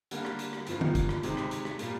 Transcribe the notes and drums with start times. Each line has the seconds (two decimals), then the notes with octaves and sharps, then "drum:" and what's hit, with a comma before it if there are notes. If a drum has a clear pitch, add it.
0.11 D3 G3 A#3, drum: hi-hat
0.25 drum: rim click
0.39 drum: hi-hat
0.53 drum: rim click
0.67 G2 F3 A#3, drum: hi-hat
0.81 drum: tom D3
0.95 drum: kick, hi-hat
1.09 drum: rim click
1.23 C3 D#3 G#3, drum: hi-hat
1.37 drum: rim click
1.51 drum: hi-hat
1.65 drum: rim click
1.79 A#2 G3 A#3, drum: hi-hat